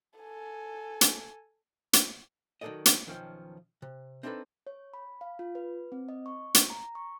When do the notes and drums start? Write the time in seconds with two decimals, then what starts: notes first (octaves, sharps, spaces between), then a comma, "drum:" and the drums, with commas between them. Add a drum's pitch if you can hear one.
0.19 A4 G#5
1.01 drum: hi-hat
1.93 drum: hi-hat
2.61 D#3 F#3 A3 A4 D5 D#5
2.86 drum: hi-hat
3.07 B1 D#3 F3 C#4 C5 G5
3.82 C3
4.23 C4 D4 D#4 G#4 A4 B4
4.67 C#5
4.94 B5
5.21 F5
5.39 F4
5.55 B4
5.92 C4
6.09 D#5
6.26 C#6
6.54 drum: hi-hat
6.70 A#5
6.95 C#6